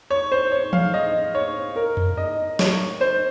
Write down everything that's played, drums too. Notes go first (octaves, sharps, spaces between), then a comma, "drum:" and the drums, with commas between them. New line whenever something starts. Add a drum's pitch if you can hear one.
C#5
C5
C#5
F5, drum: tom E3
D#5
C#5
A#4
drum: tom F2
D#5
C#5, drum: snare
C5